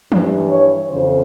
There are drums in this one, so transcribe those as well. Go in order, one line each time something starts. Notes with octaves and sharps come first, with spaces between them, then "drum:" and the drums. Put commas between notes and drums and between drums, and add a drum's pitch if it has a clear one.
G2 E3, drum: tom E3
C#5
F2 C#3 E3 C5